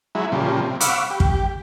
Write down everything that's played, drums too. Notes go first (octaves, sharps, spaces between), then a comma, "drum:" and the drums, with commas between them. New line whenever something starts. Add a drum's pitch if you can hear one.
F#3 G#3 E4
A#2 C#3 F3 G3
C3
F5 F#5 B5 C#6 D6 E6, drum: hi-hat
G4
drum: kick